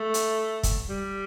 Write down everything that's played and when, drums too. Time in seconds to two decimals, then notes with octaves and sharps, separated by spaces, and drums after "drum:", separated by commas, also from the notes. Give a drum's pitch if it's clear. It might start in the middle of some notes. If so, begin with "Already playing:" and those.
Already playing: A3
0.14 drum: hi-hat
0.63 drum: kick, hi-hat
0.89 G3